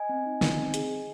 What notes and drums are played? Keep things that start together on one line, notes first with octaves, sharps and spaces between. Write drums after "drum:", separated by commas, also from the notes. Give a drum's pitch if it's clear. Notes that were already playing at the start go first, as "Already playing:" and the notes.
Already playing: D#5 G#5
C4
D#4
D#4, drum: snare
C4
G#4, drum: hi-hat
G#4